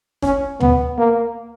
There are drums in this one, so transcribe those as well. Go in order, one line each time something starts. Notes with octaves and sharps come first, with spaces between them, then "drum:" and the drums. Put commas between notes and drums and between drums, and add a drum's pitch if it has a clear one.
C#4, drum: snare
B3, drum: tom
A#3